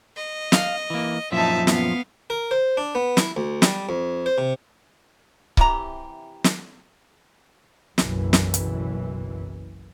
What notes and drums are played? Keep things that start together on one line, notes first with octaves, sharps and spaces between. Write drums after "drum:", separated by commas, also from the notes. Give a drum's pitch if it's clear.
D#5
F5, drum: snare
E3 A#3
F#2 A#2 F3 D#4 E4 E5 A5
B3 F5, drum: snare
A#4
C5
D4
B3
E4, drum: snare
D2
G3, drum: snare
F2
C5
C3
C3 E3 G4 A#5, drum: kick C#1
drum: snare
F#1 B1 F#2 E3, drum: snare
drum: snare
drum: hi-hat